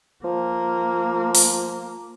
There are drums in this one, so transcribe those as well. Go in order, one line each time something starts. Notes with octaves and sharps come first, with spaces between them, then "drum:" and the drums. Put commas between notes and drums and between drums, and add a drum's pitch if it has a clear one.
F3 A#3
drum: open hi-hat